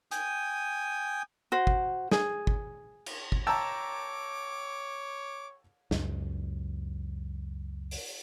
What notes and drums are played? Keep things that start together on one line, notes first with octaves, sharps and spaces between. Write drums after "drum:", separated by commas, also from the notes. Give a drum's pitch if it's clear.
G5 G#5 D#6, drum: hi-hat
F#4 C5
drum: kick
G#4, drum: snare
drum: kick
drum: cymbal
drum: kick
C#5 G5 A5 A#5 D6 E6 G#6
C#2 F#2, drum: snare
drum: open hi-hat